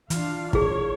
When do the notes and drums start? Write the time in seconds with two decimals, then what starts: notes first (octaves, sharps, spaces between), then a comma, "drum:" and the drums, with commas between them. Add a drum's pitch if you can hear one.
0.10 E3 D4 F4 F5, drum: hi-hat
0.53 E4 G#4 C#5, drum: kick